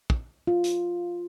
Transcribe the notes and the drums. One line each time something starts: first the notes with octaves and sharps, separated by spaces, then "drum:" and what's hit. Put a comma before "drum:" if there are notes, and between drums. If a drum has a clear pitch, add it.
drum: kick
F4
drum: hi-hat